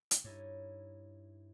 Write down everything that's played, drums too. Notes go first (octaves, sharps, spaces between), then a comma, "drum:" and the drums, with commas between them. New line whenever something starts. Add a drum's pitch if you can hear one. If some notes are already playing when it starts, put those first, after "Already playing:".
drum: hi-hat
G2 D#4 E4 C#5